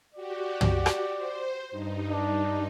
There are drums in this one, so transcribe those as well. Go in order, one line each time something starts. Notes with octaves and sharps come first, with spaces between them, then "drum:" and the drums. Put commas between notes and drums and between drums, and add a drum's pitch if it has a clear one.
F#4 G4 D5
drum: tom
drum: rim click
C5
G2 D#4
D4